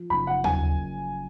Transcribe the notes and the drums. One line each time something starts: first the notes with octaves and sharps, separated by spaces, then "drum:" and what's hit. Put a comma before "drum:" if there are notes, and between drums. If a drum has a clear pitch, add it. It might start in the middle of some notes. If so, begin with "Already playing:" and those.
Already playing: F3
F#1 B5
F#5
F#2 G#5, drum: tom D#2